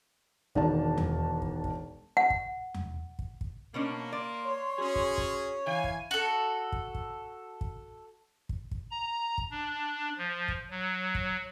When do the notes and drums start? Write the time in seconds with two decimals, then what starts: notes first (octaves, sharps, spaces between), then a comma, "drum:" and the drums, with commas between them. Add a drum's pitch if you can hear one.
0.55 E1 D#3 D4 D5 A5, drum: kick
0.98 drum: tom E2
1.42 drum: kick
1.64 drum: kick
2.17 F#5
2.30 drum: kick
2.74 drum: tom E2
3.19 drum: kick
3.41 drum: kick
3.74 B2 A#3 C#4 D4
4.13 D5 C6
4.45 C#5
4.79 C#4 F#4 G#4
4.96 drum: kick
5.18 drum: kick
5.67 E3 F5 G#5
5.84 drum: kick
6.11 F#4 A4
6.72 drum: kick
6.95 drum: kick
7.61 drum: kick
8.49 drum: kick
8.71 drum: kick
8.91 A#5
9.38 drum: kick
9.51 D4
10.18 F3
10.48 drum: kick
10.70 F#3
11.15 drum: kick